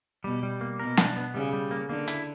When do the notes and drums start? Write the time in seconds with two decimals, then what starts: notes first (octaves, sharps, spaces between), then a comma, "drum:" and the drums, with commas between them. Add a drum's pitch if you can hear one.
0.24 B2 G3
0.43 G3
0.61 A#3
0.79 B2 A#4
0.97 D4, drum: snare
1.16 B3
1.34 C#3 G3
1.53 G3
1.71 A#3
1.89 D3 A#3
2.08 E4, drum: hi-hat